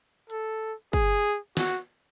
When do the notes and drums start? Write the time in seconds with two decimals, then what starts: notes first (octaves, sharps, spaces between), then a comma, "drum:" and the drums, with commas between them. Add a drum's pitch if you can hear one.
0.30 A4, drum: hi-hat
0.93 G#4, drum: kick
1.57 F#4, drum: snare